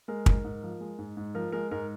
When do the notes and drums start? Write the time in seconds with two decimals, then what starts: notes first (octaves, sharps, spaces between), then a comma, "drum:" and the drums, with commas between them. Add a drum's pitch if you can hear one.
0.08 G#3 A#4
0.26 G#2, drum: kick
0.44 G#2
0.63 F3
0.80 G#3
0.99 G#2
1.17 G#2
1.34 F3 A#4
1.52 G#3 A#4
1.71 G#2 A#4